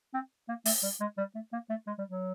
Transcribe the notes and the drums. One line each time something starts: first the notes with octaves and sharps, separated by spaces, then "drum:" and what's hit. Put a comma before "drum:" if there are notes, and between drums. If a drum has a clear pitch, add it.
C4
A#3
A3, drum: open hi-hat
G3
G#3
G3
A3
A#3
A3
G#3
G3
F#3